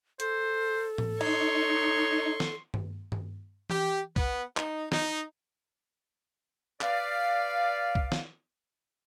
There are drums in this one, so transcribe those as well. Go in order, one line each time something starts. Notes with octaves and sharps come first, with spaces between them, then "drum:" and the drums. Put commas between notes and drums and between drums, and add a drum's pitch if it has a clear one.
A4 C5, drum: hi-hat
drum: tom A2
D#4 C#5 C6 C#6, drum: cymbal
drum: snare
drum: tom G2
drum: tom G2
G4, drum: tom E3
B3, drum: kick
D#4, drum: clap
D#4, drum: snare
B4 D5 F5, drum: clap
drum: kick
drum: snare